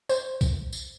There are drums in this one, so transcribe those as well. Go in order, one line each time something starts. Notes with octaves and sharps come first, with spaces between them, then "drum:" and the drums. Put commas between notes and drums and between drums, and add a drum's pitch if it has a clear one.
C5, drum: tambourine
drum: kick B1, tambourine
drum: tambourine